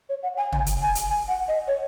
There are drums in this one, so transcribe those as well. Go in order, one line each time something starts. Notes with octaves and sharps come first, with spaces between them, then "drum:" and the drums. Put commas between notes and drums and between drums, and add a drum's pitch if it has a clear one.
C#5
F#5
G#5
G#5, drum: tom
drum: hi-hat
G#5
drum: hi-hat
G#5
F#5
D#5
C#5